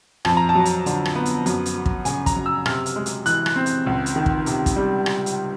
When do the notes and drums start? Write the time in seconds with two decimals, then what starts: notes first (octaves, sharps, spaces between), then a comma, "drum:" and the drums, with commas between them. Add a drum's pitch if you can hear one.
0.25 F2 A5, drum: rim click
0.37 A#5
0.49 A5
0.55 F#3
0.65 drum: hi-hat
0.86 D3, drum: hi-hat
1.05 drum: rim click
1.16 B3
1.26 drum: hi-hat
1.46 F#2, drum: hi-hat
1.66 drum: hi-hat
1.76 F#3
1.86 drum: kick
2.05 C#3 G#5, drum: hi-hat
2.26 A#5, drum: kick, hi-hat
2.36 F#2
2.46 E6
2.66 C3 F6, drum: rim click
2.86 drum: hi-hat
2.96 G#3
3.06 drum: hi-hat
3.26 E3 F#6, drum: hi-hat
3.46 drum: rim click
3.56 C4
3.66 drum: hi-hat
3.87 C#2
4.06 drum: hi-hat
4.16 D#3
4.26 drum: kick
4.46 C3, drum: hi-hat
4.66 drum: kick, hi-hat
4.76 G3
5.06 drum: rim click
5.26 drum: hi-hat